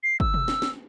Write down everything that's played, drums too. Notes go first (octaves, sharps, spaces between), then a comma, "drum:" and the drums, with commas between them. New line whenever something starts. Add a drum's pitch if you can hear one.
C7
E6, drum: kick
drum: tom B2
drum: snare
drum: snare